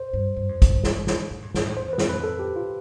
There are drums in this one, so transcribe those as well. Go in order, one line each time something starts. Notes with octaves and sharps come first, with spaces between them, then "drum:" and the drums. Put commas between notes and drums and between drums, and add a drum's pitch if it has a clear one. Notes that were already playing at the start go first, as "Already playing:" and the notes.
Already playing: C5
G2
G2
F2
G2, drum: kick, hi-hat
drum: snare
drum: snare
A2
G2
G2, drum: snare
A2
F2 C5
E2
B4
F2, drum: snare
B4
A4
G4
F4